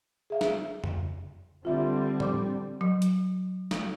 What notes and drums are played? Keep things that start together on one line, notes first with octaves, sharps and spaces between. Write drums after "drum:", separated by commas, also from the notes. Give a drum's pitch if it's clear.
G#4 E5 F5
drum: snare
drum: tom F2
D3 G3 C4 F4 E5
D5 D6, drum: tom A2
F#3
drum: hi-hat
drum: snare